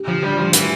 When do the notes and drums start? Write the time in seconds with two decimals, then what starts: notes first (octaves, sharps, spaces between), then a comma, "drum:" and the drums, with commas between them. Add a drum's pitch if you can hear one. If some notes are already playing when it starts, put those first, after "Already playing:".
Already playing: G4
0.08 D3 F3
0.22 G3 D4
0.38 F3 G3
0.53 E3 G4, drum: hi-hat